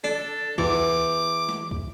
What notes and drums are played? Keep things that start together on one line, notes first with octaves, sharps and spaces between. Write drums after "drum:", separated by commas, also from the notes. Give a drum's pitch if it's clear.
D4 A4
E2 D6, drum: kick
drum: snare
drum: kick